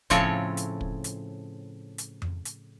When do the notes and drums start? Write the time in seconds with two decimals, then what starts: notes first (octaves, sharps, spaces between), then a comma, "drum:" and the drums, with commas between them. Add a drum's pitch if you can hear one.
0.10 A2 C#3 F3 C4 A4 C#5, drum: kick, hi-hat
0.57 drum: hi-hat
0.81 drum: kick
1.04 drum: hi-hat
1.98 drum: hi-hat
2.22 drum: tom F2
2.45 drum: hi-hat